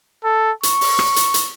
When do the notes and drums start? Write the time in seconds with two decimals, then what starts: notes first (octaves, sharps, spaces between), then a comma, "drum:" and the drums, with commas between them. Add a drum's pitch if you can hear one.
0.24 A4
0.63 C#6, drum: hi-hat
0.81 drum: open hi-hat
0.99 drum: rim click
1.16 drum: hi-hat
1.34 drum: hi-hat